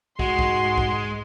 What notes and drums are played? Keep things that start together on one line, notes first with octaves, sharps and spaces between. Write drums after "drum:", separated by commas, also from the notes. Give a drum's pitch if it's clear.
G#2 G#3 F#4 C6, drum: kick
drum: kick
drum: kick